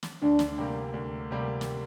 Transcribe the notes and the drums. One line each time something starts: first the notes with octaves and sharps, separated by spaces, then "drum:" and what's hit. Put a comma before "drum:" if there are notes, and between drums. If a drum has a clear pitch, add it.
drum: snare
D2 D4
drum: snare
C3 G3 A#3
D2
C3 G3 A#3
drum: snare